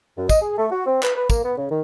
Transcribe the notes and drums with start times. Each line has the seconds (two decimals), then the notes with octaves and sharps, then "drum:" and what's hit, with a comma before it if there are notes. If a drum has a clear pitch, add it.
0.17 F#2
0.29 D#5, drum: kick, tambourine
0.41 G#4
0.58 A3
0.72 F#4
0.87 C4
1.03 B4, drum: clap
1.17 B4
1.30 A#3, drum: kick, tambourine
1.44 B3
1.57 C#3
1.70 D#3